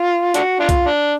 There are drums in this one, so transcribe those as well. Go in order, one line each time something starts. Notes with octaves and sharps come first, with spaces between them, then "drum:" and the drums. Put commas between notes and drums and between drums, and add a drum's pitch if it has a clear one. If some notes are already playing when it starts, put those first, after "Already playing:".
Already playing: F4
D4 F#4, drum: hi-hat
D4 F4
drum: kick C2, hi-hat
D4